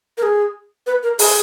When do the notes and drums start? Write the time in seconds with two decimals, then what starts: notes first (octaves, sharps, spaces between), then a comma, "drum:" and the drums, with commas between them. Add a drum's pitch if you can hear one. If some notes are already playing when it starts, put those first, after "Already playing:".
0.18 A#4
0.23 G#4
0.87 B4
1.03 A#4
1.19 G#4, drum: open hi-hat